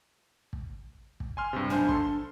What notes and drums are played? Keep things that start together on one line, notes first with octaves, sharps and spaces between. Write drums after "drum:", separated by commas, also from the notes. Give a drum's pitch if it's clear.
drum: kick
drum: kick
G#5 C6 F6
G2 C3
B1 D4 C5 G#5, drum: tom
A4 C6, drum: kick